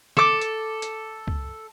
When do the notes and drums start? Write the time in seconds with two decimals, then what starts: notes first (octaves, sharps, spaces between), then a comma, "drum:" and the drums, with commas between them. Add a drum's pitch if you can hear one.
0.17 A4 D6, drum: snare
0.41 drum: hi-hat
0.82 drum: hi-hat
1.27 drum: kick